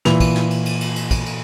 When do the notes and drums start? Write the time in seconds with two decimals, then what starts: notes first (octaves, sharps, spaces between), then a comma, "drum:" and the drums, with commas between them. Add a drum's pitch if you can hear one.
0.05 A#2 E3 F7, drum: snare
0.20 drum: kick, cymbal
0.35 drum: snare
0.51 drum: cymbal
0.66 drum: cymbal
0.81 drum: cymbal
0.96 drum: cymbal
1.11 drum: kick, cymbal
1.26 drum: cymbal